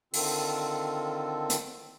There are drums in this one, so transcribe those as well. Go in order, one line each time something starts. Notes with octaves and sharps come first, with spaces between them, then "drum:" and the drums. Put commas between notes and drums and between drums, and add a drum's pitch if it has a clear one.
D3 D#3 C4 F4 A4, drum: open hi-hat
drum: hi-hat